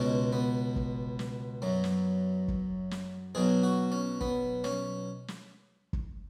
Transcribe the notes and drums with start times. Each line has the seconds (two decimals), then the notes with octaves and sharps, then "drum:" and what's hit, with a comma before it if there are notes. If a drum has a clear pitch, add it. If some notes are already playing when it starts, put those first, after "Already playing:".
Already playing: C#2 B2 G#3 C#4
0.33 B3
0.76 drum: kick
1.19 drum: snare
1.62 F#2 F#3
1.84 drum: snare
2.48 drum: kick
2.91 drum: snare
3.35 B1 B2 F#3 G#4
3.63 F#4
3.92 C#4
4.21 B3, drum: kick
4.64 C#4, drum: snare
5.28 drum: snare
5.93 drum: kick